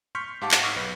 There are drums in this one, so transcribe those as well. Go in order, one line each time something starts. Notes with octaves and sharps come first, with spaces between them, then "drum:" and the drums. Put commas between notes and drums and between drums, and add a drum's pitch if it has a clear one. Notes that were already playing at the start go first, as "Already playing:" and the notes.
C6 C#6 F6 G6 B6 C#7
G#2 G4 F5 F#5 A5 D6
drum: clap
C#6 D6 E6 F6 B6 C7
B1 B4